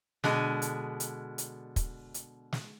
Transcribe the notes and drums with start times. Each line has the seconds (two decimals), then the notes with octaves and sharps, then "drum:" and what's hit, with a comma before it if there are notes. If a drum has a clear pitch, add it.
0.24 B2 D3 G#3, drum: snare
0.62 drum: hi-hat
1.00 drum: hi-hat
1.38 drum: hi-hat
1.76 drum: kick, hi-hat
2.14 drum: hi-hat
2.52 drum: snare